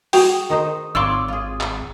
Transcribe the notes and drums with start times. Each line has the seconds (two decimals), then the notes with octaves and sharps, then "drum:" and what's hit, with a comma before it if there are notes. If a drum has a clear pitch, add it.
0.13 F#4 G#4 G5, drum: open hi-hat
0.50 D#3 D#4 C5
0.95 G#1 F4 C#5 D5 C6 E6
1.28 F4 G#4
1.61 drum: clap